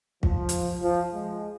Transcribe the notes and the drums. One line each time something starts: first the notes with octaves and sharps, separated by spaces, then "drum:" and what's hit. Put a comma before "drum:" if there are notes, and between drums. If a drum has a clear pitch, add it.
F3, drum: kick
drum: hi-hat
F3
G#3